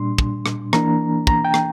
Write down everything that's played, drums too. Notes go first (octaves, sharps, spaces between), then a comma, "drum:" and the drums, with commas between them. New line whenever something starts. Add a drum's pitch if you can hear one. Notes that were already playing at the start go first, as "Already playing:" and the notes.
Already playing: A#2 G3 D4 C6
drum: kick
drum: rim click
E3 A#3 D4 A#5, drum: rim click
A#5, drum: kick
G5
drum: rim click